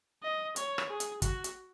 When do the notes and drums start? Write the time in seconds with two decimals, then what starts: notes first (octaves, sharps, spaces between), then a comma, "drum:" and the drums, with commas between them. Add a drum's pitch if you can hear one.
0.23 D#5
0.56 C#5, drum: hi-hat
0.78 drum: rim click
0.89 G#4
1.00 drum: hi-hat
1.22 F#4, drum: kick, hi-hat
1.44 drum: hi-hat